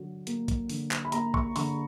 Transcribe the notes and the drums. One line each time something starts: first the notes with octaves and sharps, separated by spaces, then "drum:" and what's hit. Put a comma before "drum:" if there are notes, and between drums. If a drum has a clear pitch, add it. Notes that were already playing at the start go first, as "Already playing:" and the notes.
Already playing: D3 F#3
A#3, drum: hi-hat
drum: kick, hi-hat
D3, drum: open hi-hat
drum: clap
B5
A#3 A#5, drum: hi-hat
C#6, drum: kick
D3 C#6, drum: open hi-hat